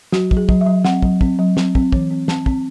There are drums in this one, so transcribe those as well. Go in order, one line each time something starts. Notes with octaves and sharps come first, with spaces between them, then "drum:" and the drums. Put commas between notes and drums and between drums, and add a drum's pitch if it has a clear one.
F#3 F#4, drum: snare
F#3, drum: kick
G#4
F#3, drum: kick
E5
F#3
C4 F#5, drum: snare
F#3, drum: kick
C4, drum: kick
F#3
C4, drum: snare
C4, drum: kick
E3, drum: kick
C4
C4 A5, drum: snare
C4, drum: kick